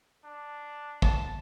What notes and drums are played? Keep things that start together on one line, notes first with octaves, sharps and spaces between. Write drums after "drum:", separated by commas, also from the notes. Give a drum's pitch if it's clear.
D4
A5, drum: kick